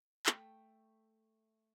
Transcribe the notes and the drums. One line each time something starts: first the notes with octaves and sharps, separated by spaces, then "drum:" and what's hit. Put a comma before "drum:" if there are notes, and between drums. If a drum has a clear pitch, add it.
A3 G5, drum: clap